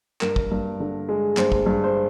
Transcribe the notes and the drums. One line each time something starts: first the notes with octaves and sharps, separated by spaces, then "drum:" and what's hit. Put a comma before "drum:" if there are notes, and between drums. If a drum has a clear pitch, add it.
G2 A#4, drum: clap
drum: kick
G2
D3
G#3
G2 C5, drum: clap
drum: kick
G2
C5